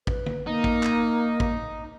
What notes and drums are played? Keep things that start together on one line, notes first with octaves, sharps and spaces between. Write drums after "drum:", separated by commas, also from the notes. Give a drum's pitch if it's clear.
B4, drum: kick
drum: tom
A#3 D#4
drum: kick
drum: clap
drum: kick